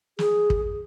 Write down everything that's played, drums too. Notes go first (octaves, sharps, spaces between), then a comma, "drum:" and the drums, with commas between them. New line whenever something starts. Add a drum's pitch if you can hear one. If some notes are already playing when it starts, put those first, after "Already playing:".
G#4, drum: snare
drum: kick